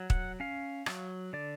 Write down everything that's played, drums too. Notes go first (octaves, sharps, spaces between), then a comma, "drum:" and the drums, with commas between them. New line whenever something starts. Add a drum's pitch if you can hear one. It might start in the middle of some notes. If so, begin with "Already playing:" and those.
Already playing: F#3
F#5, drum: kick
C#4 F5
F#3, drum: rim click
D3 D5